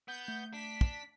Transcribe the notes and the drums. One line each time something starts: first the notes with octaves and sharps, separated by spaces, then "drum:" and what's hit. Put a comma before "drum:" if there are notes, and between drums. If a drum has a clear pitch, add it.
B3 G6
A3
D4 B6
drum: kick